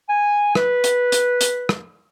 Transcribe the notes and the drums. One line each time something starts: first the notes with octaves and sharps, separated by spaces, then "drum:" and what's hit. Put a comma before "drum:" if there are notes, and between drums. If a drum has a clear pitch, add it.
G#5
B4, drum: rim click
drum: hi-hat
drum: hi-hat
drum: hi-hat
drum: rim click